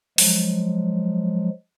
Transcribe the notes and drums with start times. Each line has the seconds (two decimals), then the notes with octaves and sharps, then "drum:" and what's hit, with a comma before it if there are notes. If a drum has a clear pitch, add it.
0.18 F3 F#3 G#3, drum: open hi-hat